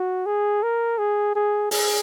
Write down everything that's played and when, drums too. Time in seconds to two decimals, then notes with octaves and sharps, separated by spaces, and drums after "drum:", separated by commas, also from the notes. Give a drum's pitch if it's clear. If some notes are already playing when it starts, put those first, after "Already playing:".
Already playing: F#4
0.26 G#4
0.63 A#4
0.98 G#4
1.35 G#4
1.71 G#4, drum: open hi-hat